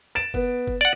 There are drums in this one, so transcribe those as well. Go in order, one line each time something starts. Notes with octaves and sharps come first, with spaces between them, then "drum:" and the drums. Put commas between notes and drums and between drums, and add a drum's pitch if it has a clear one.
A6 D7 E7
B3, drum: kick F#1
drum: kick F#1
D5 F#5